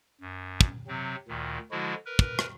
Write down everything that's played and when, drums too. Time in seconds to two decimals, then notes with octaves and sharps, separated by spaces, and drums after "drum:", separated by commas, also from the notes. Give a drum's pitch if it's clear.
0.21 F#2
0.61 drum: kick
0.88 C3 F#3 C4
1.28 D2 A#2 D#3
1.71 D3 F3 G#3 E4 F#4
2.06 A#4 B4
2.19 drum: kick
2.39 drum: rim click